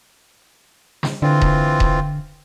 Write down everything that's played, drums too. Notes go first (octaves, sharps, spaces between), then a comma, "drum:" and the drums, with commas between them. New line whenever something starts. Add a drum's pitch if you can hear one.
drum: snare
D3 E3 C4 F4
drum: kick D#1
drum: kick D#1